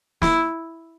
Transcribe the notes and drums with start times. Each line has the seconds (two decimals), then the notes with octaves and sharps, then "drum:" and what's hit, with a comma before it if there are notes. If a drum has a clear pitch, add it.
0.22 E4, drum: snare